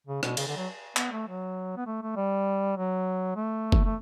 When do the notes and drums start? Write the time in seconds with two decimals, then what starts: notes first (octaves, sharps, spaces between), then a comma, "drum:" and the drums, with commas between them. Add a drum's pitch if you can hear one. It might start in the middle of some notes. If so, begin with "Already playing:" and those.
0.07 C#3
0.23 B2, drum: rim click
0.37 C#3, drum: cymbal
0.48 D3
0.57 F#3
0.97 B3, drum: clap
1.12 A3
1.27 F#3
1.77 B3
1.86 A3
2.02 A3
2.16 G3
2.77 F#3
3.36 A3
3.72 drum: kick
3.84 A3